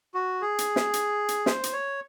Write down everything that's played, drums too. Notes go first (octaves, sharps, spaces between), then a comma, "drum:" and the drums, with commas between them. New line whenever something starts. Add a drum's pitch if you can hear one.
F#4
G#4
drum: hi-hat
drum: snare
drum: hi-hat
drum: hi-hat
C5, drum: snare
drum: hi-hat
C#5